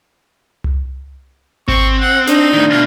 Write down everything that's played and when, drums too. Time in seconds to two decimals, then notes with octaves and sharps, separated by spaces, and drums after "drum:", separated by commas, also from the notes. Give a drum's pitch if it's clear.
0.64 drum: tom C2
1.68 C4 C#6, drum: kick G#1
2.00 F#5
2.27 D4 D#4, drum: snare
2.53 A2 D#3
2.70 D2 B2 F4